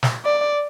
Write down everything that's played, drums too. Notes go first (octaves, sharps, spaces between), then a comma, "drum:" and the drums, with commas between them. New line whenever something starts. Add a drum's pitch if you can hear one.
drum: snare
D5